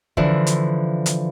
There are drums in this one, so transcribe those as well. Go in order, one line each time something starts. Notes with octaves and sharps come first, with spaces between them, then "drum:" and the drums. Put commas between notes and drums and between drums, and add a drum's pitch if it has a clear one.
D3 E3 F3, drum: kick
drum: hi-hat
drum: hi-hat